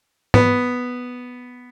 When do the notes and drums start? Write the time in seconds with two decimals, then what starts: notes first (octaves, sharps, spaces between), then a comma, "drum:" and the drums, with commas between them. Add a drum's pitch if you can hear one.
0.34 B3, drum: tom G#2